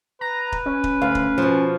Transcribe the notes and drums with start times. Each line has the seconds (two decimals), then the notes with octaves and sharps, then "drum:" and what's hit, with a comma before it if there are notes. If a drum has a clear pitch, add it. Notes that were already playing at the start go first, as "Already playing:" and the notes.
0.21 B4 A#5
0.52 drum: kick D#1
0.66 C#4
0.84 drum: kick D#1
1.02 D2 F5
1.15 drum: kick D#1
1.38 B2 F3